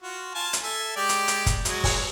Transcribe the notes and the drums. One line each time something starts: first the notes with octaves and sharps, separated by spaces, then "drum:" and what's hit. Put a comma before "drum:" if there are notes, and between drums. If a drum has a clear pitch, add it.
F4 F#4
F4 G#5 A5
drum: hi-hat
A4 E5 G#5
G#3 G4 D5
drum: hi-hat
drum: hi-hat
drum: kick, hi-hat
F#3 G#3 F#4, drum: hi-hat
drum: kick, open hi-hat